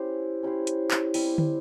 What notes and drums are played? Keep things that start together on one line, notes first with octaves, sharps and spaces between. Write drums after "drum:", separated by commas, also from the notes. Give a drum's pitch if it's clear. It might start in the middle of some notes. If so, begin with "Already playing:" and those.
Already playing: C#4 E4 G4 C5
C#4 E4 G4 C5
drum: hi-hat
drum: clap
G3 C4 E4 G4, drum: open hi-hat
drum: tom